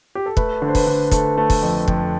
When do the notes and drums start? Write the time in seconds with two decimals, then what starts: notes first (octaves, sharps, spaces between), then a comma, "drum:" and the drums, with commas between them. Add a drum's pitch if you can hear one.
0.15 G4
0.26 A4
0.37 A3 B4, drum: kick
0.62 D3
0.68 C5
0.75 B4, drum: kick, open hi-hat
0.87 D3
1.11 A3 A4, drum: kick, hi-hat
1.38 A3
1.50 drum: kick, open hi-hat
1.62 F2
1.88 F2, drum: kick